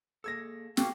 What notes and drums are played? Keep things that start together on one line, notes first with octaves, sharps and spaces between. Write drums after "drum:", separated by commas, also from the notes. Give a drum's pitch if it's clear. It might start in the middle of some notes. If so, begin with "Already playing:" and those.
A#3 G#4 A4 E6 G#6 A#6
A#3 C#4 G4 F5 G5 C#6, drum: snare